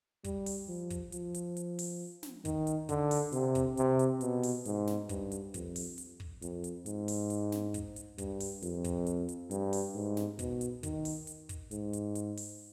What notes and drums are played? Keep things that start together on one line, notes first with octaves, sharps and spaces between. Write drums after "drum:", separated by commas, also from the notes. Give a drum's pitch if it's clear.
G3, drum: kick, hi-hat
drum: open hi-hat
F3
drum: kick, hi-hat
F3, drum: hi-hat
drum: hi-hat
drum: hi-hat
drum: open hi-hat
drum: snare
D#3, drum: kick, hi-hat
drum: hi-hat
D3, drum: kick, hi-hat
drum: open hi-hat
C3, drum: hi-hat
drum: kick, hi-hat
C3, drum: hi-hat
drum: hi-hat
B2, drum: hi-hat
drum: open hi-hat
G#2, drum: hi-hat
drum: snare
G2, drum: kick, hi-hat
drum: hi-hat
F2, drum: kick, hi-hat
drum: open hi-hat
drum: hi-hat
drum: kick
F2, drum: hi-hat
drum: hi-hat
G#2, drum: hi-hat
drum: open hi-hat
drum: hi-hat
drum: snare
drum: kick, hi-hat
drum: hi-hat
G2, drum: kick, hi-hat
drum: open hi-hat
F2, drum: hi-hat
drum: kick, hi-hat
drum: hi-hat
drum: hi-hat
G2, drum: hi-hat
drum: open hi-hat
G#2
drum: snare
B2, drum: kick, hi-hat
drum: hi-hat
D#3, drum: kick, hi-hat
drum: open hi-hat
drum: hi-hat
drum: kick, hi-hat
G#2, drum: hi-hat
drum: hi-hat
drum: hi-hat
drum: open hi-hat